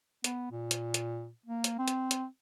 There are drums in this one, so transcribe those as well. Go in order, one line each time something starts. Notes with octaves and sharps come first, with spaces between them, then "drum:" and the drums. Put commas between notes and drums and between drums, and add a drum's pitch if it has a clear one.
B3, drum: hi-hat
A#2
drum: hi-hat
drum: hi-hat
A#3
drum: hi-hat
C4
drum: hi-hat
drum: hi-hat